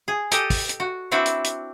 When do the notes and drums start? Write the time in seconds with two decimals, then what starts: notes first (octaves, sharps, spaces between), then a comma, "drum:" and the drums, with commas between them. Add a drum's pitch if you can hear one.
0.08 G#4
0.31 G4 A4 D#5, drum: hi-hat
0.50 drum: kick, open hi-hat
0.69 drum: hi-hat
0.80 F#4
1.11 C4 D4 E4 F#4 B4 E5
1.26 drum: hi-hat
1.44 drum: hi-hat